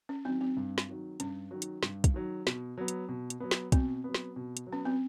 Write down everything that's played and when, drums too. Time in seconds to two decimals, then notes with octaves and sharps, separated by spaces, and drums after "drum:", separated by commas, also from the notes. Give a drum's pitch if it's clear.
0.09 C#4
0.25 D#3 F#3 C4
0.41 C4
0.57 G2
0.78 drum: snare
0.89 D#3 F#3
1.20 G2 C#4, drum: hi-hat
1.51 D#3 F#3
1.62 drum: hi-hat
1.83 G2, drum: snare
2.04 drum: kick, hi-hat
2.14 D#3 F#3
2.47 B2, drum: snare
2.78 F#3 B3
2.88 drum: hi-hat
3.09 B2
3.30 drum: hi-hat
3.40 F#3 B3
3.51 drum: snare
3.72 B2 C4, drum: kick, hi-hat
4.04 F#3 B3
4.15 drum: snare
4.36 B2
4.57 drum: hi-hat
4.67 F#3
4.72 B3 C#4
4.85 C4